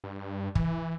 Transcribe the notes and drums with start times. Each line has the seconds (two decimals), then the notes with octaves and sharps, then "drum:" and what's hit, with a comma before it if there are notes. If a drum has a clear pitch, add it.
0.04 G2
0.55 E3, drum: kick